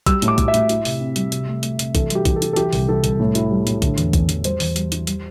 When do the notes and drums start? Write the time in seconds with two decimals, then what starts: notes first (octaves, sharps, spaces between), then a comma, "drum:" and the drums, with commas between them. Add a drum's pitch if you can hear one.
0.06 G3 E6, drum: kick, hi-hat
0.22 A2, drum: hi-hat
0.28 D6
0.38 A2, drum: kick, hi-hat
0.48 E5
0.54 A2, drum: hi-hat
0.69 E4, drum: hi-hat
0.85 C3, drum: open hi-hat
1.01 C4
1.16 G3, drum: hi-hat
1.32 C3, drum: hi-hat
1.48 A3
1.63 A3, drum: hi-hat
1.79 C3, drum: hi-hat
1.95 E3 A4, drum: kick, hi-hat
2.10 G3 G4, drum: hi-hat
2.25 E3, drum: kick, hi-hat
2.36 A4
2.42 E3, drum: hi-hat
2.53 A4
2.56 E3 G4, drum: hi-hat
2.73 C2, drum: open hi-hat
2.89 E3 A4
3.04 C2, drum: hi-hat
3.20 A2
3.35 E4, drum: hi-hat
3.51 G3
3.67 A2, drum: hi-hat
3.82 D3, drum: kick, hi-hat
3.98 E2, drum: hi-hat
4.13 E2, drum: kick, hi-hat
4.29 E2, drum: hi-hat
4.44 G3 C5, drum: hi-hat
4.60 E2, drum: open hi-hat
4.76 G3, drum: hi-hat
4.92 E3, drum: hi-hat
5.07 G3, drum: hi-hat